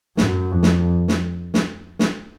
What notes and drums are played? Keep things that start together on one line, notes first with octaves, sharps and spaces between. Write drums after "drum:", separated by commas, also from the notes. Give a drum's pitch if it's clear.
F#2, drum: snare
F2
drum: snare
drum: snare
drum: snare
drum: snare